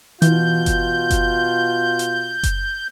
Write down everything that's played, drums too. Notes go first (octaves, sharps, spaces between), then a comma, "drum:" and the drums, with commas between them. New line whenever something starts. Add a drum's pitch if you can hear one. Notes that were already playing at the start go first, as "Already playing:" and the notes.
B2 E3 F4 G6, drum: hi-hat
drum: kick F#1, hi-hat
drum: kick F#1, hi-hat
drum: hi-hat
drum: kick F#1, hi-hat